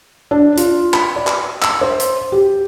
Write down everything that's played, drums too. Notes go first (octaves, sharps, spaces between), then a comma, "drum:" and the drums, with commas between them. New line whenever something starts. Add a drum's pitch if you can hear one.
D4
F4, drum: hi-hat
B5, drum: clap
D5
drum: clap
E6, drum: clap
C5
drum: hi-hat
G4